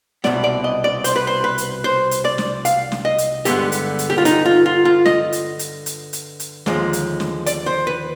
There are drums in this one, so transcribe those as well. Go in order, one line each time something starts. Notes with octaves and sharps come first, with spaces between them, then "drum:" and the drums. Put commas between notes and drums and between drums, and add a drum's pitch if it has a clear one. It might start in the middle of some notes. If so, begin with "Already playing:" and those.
C2 B2 B3 D5, drum: snare
D5
D#5
D5
C5, drum: hi-hat
B4
C5
B4
drum: hi-hat
C5
drum: hi-hat
D5
drum: snare
F5, drum: hi-hat
drum: snare
D#5
drum: hi-hat
G2 D3 G#3 B3 G4, drum: hi-hat
drum: hi-hat
drum: hi-hat
G4
F4
D#4, drum: hi-hat
F4
F4
F4
D#5, drum: snare
drum: hi-hat
drum: hi-hat
drum: hi-hat
drum: hi-hat
drum: hi-hat
D#2 D3 F3 G#3, drum: snare
drum: hi-hat
drum: snare
D5, drum: hi-hat
C5
B4